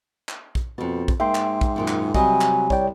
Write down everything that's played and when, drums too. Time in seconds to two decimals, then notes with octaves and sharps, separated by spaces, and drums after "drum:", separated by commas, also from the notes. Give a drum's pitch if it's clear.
0.29 drum: clap
0.55 drum: kick
0.78 F2 B2 A5
1.08 drum: kick
1.20 G#2 A#3 E5 G5 C6
1.35 drum: clap
1.61 drum: kick
1.76 F#2 A#2 D#3
1.88 drum: clap
2.14 C3 F#3 G3 D#5 G#5, drum: kick
2.41 drum: clap
2.70 C2 C#5 D5 G5, drum: kick